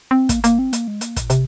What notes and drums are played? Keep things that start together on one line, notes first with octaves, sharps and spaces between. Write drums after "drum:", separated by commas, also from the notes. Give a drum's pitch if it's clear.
C4
A#3, drum: kick, hi-hat
A#3, drum: hi-hat
C4
A#3, drum: hi-hat
G#3
A#3, drum: hi-hat
A#2, drum: kick, hi-hat
C3, drum: hi-hat